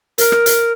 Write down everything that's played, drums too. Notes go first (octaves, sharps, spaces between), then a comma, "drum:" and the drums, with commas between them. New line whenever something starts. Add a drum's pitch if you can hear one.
A#4, drum: hi-hat
drum: rim click
drum: hi-hat